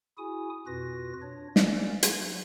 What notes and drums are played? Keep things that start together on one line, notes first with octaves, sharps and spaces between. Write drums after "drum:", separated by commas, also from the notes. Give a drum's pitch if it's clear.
E4 F#4 G#4 G#5 D#6
F2 B2 F4 F#4 B4 A#6
D4 C#5
A#3 C#4 A#4 D5, drum: snare
F#3, drum: hi-hat